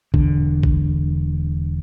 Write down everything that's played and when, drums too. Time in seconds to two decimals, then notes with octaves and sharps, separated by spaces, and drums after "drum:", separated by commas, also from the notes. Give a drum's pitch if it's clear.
0.14 E1 D3, drum: kick A#1
0.63 drum: kick A#1